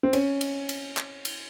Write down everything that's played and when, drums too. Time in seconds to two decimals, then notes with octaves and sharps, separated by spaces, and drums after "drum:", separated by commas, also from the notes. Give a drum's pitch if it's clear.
0.03 C4
0.13 C#4, drum: cymbal
0.41 drum: cymbal
0.69 drum: cymbal
0.97 drum: clap
1.25 drum: cymbal